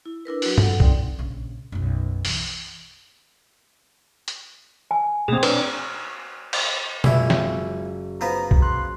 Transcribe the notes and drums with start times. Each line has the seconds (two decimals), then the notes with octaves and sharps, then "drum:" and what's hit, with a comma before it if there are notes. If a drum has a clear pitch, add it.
0.06 E4
0.25 D4 E4 A#4 B4
0.42 F#3 F#4, drum: open hi-hat
0.58 A4 F#5, drum: tom G2
0.80 C4 D#4 D5 G5, drum: kick B1
1.19 A#1 C#3
1.72 B1 F#2
2.25 E3, drum: open hi-hat
4.28 drum: hi-hat
4.91 G#5
5.28 B2 A3 A#3 C4 G#4
5.43 D4 B4 C#5 D5, drum: cymbal
6.53 drum: cymbal
7.04 F#1 C#2 E4 D6, drum: tom B2
7.30 drum: snare
8.21 F3 B3 B4 A#5
8.51 drum: kick B1
8.62 C6 F#6